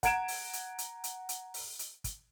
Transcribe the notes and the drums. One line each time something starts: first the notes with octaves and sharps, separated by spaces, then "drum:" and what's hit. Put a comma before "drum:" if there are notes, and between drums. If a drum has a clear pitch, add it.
F#5 A#5 G#6 D7 E7, drum: kick, hi-hat
drum: open hi-hat
drum: hi-hat
drum: hi-hat
drum: hi-hat
drum: hi-hat
drum: open hi-hat
drum: hi-hat
drum: kick, hi-hat